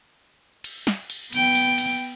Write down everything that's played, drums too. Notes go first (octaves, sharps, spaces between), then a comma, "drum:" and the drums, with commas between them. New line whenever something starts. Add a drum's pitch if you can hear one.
drum: cymbal
drum: snare
drum: cymbal
B3 G5, drum: cymbal
drum: cymbal
drum: cymbal